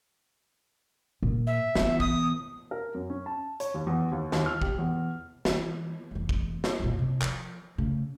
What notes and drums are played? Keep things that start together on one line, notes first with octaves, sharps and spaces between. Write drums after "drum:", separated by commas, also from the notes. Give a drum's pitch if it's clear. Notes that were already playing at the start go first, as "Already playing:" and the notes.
A#2
E5
E3 B3, drum: snare
D#6, drum: kick
A#4
F#2
C#4
A5
C#5, drum: hi-hat
D#2
E2
D#2
D#2, drum: snare
F6
G4, drum: kick
E2
E3, drum: snare
F1 E3
drum: kick
drum: snare
F#2 A#2
C3
F3, drum: clap
C#3 A3